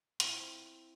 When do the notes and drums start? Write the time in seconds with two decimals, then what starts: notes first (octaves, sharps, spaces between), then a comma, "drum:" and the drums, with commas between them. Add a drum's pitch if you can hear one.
0.20 C4 E4 F4, drum: hi-hat